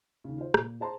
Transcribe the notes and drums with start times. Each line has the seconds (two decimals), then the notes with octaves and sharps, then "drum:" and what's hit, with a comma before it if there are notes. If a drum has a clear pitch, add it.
0.24 D#2 C#3
0.38 F4 C5
0.54 A#2, drum: rim click
0.80 G#4 C5 A5 A#5 C6